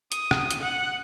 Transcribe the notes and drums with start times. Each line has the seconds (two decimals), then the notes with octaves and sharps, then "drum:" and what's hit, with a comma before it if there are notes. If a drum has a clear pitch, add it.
0.12 D#6, drum: hi-hat
0.31 drum: rim click
0.51 drum: hi-hat
0.61 F#5